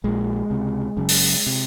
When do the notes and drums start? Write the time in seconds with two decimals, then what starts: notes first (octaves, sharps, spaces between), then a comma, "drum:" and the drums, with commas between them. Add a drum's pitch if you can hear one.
0.04 A#1 A#2 G#3
0.50 C#2 C3
0.97 F#1 F#2 C#3
1.09 drum: open hi-hat
1.46 C3